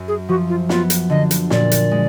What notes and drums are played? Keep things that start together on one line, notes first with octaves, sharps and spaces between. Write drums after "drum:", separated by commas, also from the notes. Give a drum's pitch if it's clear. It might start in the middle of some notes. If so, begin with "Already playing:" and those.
Already playing: F#2
G#4
F3 F#4
F4
B3 F4, drum: snare
drum: hi-hat
D3 D#5
drum: hi-hat
A#2 D5, drum: snare
drum: hi-hat
G#3